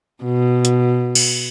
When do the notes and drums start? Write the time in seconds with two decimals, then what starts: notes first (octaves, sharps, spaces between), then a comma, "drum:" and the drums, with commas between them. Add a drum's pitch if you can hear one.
0.24 B2
0.65 drum: hi-hat
1.15 drum: cymbal